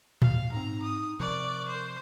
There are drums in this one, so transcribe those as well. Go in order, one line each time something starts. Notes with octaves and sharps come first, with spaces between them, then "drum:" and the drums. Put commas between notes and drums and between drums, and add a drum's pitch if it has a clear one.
D#2 A#2 F5, drum: tom A2
G#2 C4 D#4 A#5
D#6
C3 F3 A#4 D5 C#6 F#6
C5